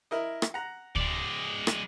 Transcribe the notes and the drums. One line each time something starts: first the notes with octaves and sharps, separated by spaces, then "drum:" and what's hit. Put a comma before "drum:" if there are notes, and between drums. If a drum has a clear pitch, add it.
E4 A#4 D#5
drum: rim click
F#5 A#5
G#3 D5, drum: kick
drum: rim click